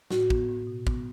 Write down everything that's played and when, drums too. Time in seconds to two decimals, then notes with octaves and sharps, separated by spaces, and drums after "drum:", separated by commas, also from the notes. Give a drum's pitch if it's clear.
0.11 A2 F#4, drum: snare
0.30 B3, drum: kick
0.48 A2
0.67 B2
0.87 B3, drum: kick